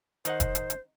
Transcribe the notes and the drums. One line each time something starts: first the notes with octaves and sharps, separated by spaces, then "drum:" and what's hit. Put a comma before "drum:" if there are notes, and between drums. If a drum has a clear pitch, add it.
D#3 D#4 C5 F#5, drum: hi-hat
drum: kick F1, hi-hat
drum: hi-hat
drum: hi-hat